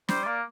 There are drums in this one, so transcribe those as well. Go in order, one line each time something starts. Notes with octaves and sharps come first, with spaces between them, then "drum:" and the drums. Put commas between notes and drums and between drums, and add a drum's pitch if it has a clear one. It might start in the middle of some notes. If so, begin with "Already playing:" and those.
G3 C5, drum: snare
A#3 D5